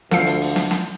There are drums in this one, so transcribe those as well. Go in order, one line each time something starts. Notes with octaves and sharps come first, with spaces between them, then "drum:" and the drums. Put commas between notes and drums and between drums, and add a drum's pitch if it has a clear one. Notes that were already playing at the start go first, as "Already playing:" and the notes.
D2 F3 A4 F5 C7, drum: snare
drum: hi-hat
drum: open hi-hat
drum: snare
drum: snare